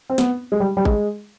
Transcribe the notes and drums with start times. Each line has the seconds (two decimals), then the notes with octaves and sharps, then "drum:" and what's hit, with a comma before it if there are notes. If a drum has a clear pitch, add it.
0.10 C4
0.18 B3, drum: snare
0.52 G#3
0.60 G3
0.77 G3
0.85 G#3, drum: kick G#1